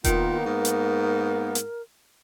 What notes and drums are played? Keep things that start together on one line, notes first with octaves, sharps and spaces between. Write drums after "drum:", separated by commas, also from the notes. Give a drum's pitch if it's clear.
D#3 A#3 B3 F4, drum: kick E1, hi-hat
G#2 A#4
drum: hi-hat
drum: hi-hat